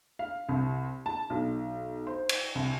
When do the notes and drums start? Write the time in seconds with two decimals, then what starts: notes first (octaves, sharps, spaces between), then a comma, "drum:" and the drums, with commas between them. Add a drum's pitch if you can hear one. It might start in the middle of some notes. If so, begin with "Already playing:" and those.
0.19 F5
0.49 C2
1.06 A5
1.30 B1
2.07 C5
2.29 drum: cymbal
2.55 C2